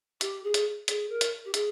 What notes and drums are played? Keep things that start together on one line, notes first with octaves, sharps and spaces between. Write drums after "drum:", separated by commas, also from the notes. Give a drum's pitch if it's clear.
G4, drum: hi-hat
G#4
drum: hi-hat
G#4, drum: hi-hat
A#4
drum: hi-hat
G4
G#4, drum: hi-hat